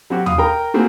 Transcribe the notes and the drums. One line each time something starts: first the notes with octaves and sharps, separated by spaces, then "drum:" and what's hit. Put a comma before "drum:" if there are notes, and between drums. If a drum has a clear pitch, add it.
F#3 C4 F#4 G4
F5 D#6, drum: tom D#2
A#4 G5 A#5
A3 A#3 C4 F#4 G#4